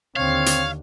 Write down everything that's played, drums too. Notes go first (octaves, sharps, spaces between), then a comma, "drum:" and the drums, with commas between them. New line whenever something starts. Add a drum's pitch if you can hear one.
D#2 D3 C4 C#5 F5
drum: hi-hat